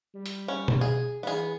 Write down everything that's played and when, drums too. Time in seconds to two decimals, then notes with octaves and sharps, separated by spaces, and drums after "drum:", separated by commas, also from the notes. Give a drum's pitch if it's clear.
0.15 G3
0.26 drum: hi-hat
0.48 C#4
0.68 drum: tom B2
0.81 G#4
1.23 E3 B3 G#4